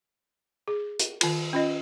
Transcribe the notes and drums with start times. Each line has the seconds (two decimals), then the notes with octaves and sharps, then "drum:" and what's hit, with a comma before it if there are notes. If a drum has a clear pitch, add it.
0.68 G#4
0.99 drum: hi-hat
1.21 D#3 F4, drum: cymbal
1.53 C#4 F4 D#5